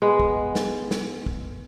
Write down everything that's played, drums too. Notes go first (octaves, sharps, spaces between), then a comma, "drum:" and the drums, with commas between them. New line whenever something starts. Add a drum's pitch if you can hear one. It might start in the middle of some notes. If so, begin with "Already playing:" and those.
G#3 B3
drum: kick
drum: snare
drum: snare
drum: kick